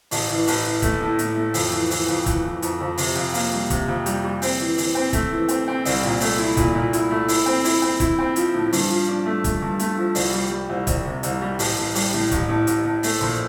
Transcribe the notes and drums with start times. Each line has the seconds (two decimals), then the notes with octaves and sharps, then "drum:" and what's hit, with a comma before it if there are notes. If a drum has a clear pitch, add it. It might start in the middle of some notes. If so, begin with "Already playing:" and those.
0.11 A1, drum: open hi-hat
0.30 E3
0.47 A1, drum: open hi-hat
0.64 E3
0.82 A3, drum: kick, hi-hat
1.01 A2
1.19 A2, drum: hi-hat
1.36 A3
1.54 F2, drum: open hi-hat
1.72 E3
1.90 E3, drum: open hi-hat
2.08 F2
2.26 E3, drum: kick, hi-hat
2.44 E3
2.62 F2, drum: hi-hat
2.81 F2
2.98 C3, drum: open hi-hat
3.16 F2
3.34 A#3, drum: open hi-hat
3.52 G3
3.70 C3, drum: kick, hi-hat
3.88 F2
4.06 G3, drum: hi-hat
4.24 G3
4.42 C4, drum: open hi-hat
4.60 E3
4.78 E3, drum: open hi-hat
4.95 C4
5.13 A3, drum: kick, hi-hat
5.31 E3
5.48 C4, drum: hi-hat
5.68 C4
5.85 C2, drum: open hi-hat
6.03 A#2
6.20 A3, drum: open hi-hat
6.39 E4
6.57 A#2, drum: kick, hi-hat
6.75 A#2
6.93 E4, drum: hi-hat
7.10 A3
7.28 E4, drum: open hi-hat
7.46 C4
7.64 E4, drum: open hi-hat
7.82 C4
8.00 E4, drum: kick, hi-hat
8.19 C4
8.36 F3, drum: hi-hat
8.54 A2
8.73 G2, drum: open hi-hat
8.89 F3
9.08 D4
9.26 A3
9.44 A3, drum: kick, hi-hat
9.62 G2
9.79 A3, drum: hi-hat
9.97 F3
10.15 C2, drum: open hi-hat
10.34 G3
10.51 G3
10.69 C2
10.87 C2, drum: kick, hi-hat
11.05 C3
11.23 C2, drum: hi-hat
11.42 G3
11.59 A1, drum: open hi-hat
11.77 A1
11.95 G3, drum: open hi-hat
12.13 A2
12.31 A1, drum: kick, hi-hat
12.49 A2
12.67 A1, drum: hi-hat
12.84 A2
13.03 A3, drum: open hi-hat
13.20 A#1